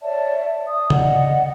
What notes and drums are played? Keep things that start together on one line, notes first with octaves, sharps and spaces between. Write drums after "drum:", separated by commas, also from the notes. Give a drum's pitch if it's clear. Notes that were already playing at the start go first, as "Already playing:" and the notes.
C#5 D5 E5 A5
D#6
D5 D#5 F#5, drum: tom C#3